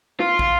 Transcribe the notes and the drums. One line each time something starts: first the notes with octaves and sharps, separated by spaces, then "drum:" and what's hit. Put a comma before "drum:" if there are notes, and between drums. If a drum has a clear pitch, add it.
F4
drum: kick